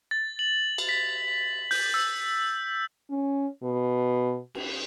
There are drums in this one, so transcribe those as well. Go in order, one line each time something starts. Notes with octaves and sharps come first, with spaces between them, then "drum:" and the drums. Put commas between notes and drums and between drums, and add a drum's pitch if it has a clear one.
A6
F#7
drum: cymbal
B6
G6, drum: open hi-hat
E6
C#4
B2
drum: cymbal